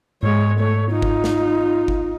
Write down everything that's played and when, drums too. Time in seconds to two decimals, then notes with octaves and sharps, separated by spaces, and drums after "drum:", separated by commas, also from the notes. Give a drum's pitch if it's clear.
0.23 G#2 G#3 C#5
0.60 A3 C#5
0.91 D#4 F4
1.02 drum: kick G1
1.24 drum: snare
1.88 drum: kick G1